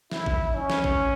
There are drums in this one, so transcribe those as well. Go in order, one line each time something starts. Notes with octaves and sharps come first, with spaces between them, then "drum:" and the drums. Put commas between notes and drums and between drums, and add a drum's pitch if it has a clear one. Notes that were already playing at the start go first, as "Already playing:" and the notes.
E4, drum: snare
drum: kick A1
C#4
drum: snare
drum: kick A1